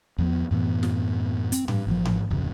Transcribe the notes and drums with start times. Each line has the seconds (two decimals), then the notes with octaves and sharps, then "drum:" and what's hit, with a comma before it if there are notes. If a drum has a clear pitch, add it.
0.18 E2 F3 B3
0.51 F#2 A2 E3 B3
0.83 drum: snare
1.52 C4, drum: hi-hat
1.68 G2, drum: tom G#2
1.87 A1 F3
2.05 drum: tom G#2
2.30 D1 F2 C#3